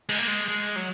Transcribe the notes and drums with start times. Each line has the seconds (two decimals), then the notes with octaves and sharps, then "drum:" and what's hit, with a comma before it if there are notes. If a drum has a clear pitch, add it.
0.09 G#3, drum: cymbal
0.19 A#3
0.27 G#3
0.48 G#3
0.76 F#3